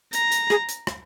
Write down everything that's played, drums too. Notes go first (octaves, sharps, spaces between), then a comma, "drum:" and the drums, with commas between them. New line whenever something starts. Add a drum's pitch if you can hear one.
A#5, drum: hi-hat
drum: hi-hat
G#4, drum: rim click
drum: hi-hat
drum: rim click